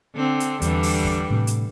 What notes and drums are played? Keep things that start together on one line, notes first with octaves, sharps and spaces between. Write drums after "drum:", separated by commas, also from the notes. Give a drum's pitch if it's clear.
D3 C4
drum: hi-hat
E2 D3 E3 G3, drum: hi-hat
drum: open hi-hat
drum: kick
A2 C3
drum: hi-hat